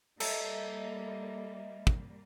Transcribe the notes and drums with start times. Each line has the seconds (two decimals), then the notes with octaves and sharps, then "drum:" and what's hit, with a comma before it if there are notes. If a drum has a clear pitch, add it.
0.20 G3 A#3 A4 D#5 E5 A#5, drum: cymbal
1.87 drum: kick